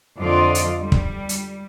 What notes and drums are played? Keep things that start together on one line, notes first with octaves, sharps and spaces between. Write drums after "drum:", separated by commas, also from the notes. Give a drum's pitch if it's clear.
F2 D3 F3 F4 D5 D#5
drum: hi-hat
G3
drum: kick
drum: hi-hat